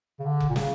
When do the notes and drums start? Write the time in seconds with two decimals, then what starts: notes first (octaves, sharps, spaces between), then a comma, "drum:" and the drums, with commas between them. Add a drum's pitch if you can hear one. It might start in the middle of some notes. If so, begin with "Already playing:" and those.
0.20 C#3
0.26 D3
0.40 drum: kick F1
0.49 A#2
0.56 C#3, drum: snare